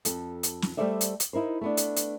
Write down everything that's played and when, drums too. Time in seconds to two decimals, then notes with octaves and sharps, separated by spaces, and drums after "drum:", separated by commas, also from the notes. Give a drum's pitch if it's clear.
0.05 F2 A4, drum: hi-hat
0.43 drum: hi-hat
0.62 drum: snare
0.77 G3 A3 A4 C5 D5 E5
1.01 drum: hi-hat
1.20 drum: hi-hat
1.33 D#4 E4 A#4 C5
1.61 A3 B3 D4
1.77 drum: hi-hat
1.96 drum: hi-hat